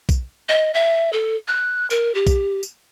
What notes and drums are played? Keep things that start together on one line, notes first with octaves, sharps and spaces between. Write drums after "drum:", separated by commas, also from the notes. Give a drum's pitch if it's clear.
drum: kick B1, tambourine
D#5
E5
A4
F#6
A#4, drum: tambourine
G4
drum: kick B1, tambourine
drum: tambourine